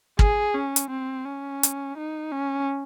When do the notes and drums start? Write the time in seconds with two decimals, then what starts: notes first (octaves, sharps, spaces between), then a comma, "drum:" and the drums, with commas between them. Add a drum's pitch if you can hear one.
0.19 G#4, drum: kick
0.54 C#4
0.76 drum: hi-hat
0.90 C4
1.25 C#4
1.63 drum: hi-hat
1.97 D#4
2.32 C#4